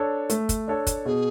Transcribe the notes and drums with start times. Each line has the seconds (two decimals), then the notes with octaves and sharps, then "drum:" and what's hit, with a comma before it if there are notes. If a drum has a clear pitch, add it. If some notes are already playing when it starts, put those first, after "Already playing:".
Already playing: D4 A4 C#5
0.30 A3, drum: hi-hat
0.49 drum: kick, hi-hat
0.68 D4 A4 C#5
0.87 drum: kick, hi-hat
1.05 B2 G#4